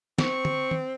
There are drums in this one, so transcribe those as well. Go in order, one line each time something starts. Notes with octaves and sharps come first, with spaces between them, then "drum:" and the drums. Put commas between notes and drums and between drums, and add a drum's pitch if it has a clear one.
C4 C#6, drum: snare
drum: tom D3
drum: tom D#3